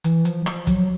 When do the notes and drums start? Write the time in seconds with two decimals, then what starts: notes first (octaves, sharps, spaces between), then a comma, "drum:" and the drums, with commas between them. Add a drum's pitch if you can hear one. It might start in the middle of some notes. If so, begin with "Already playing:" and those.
0.04 E3, drum: hi-hat
0.25 F3, drum: hi-hat
0.46 F3, drum: rim click
0.67 F#3, drum: kick, hi-hat